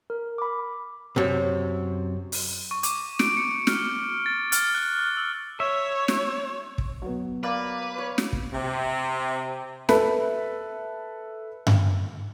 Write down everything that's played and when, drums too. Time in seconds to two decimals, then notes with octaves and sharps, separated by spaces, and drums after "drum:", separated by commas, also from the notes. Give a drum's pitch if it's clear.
0.10 A#4
0.38 B5 D6
1.16 F#2 C3
2.32 drum: open hi-hat
2.71 C#6
2.83 D6, drum: hi-hat
3.19 D7, drum: snare
3.37 C#7
3.67 F6, drum: snare
4.26 A6
4.52 F6, drum: hi-hat
4.74 F#6
4.99 F6
5.17 E6
5.60 C#5 E5
6.08 drum: snare
6.78 drum: kick
7.02 F#3 B3
7.43 A#3 A#4 B4 D5
7.98 C#5
8.18 drum: snare
8.33 drum: kick
8.52 C3
9.89 A4 B4 E5 B5, drum: snare
11.67 drum: tom G2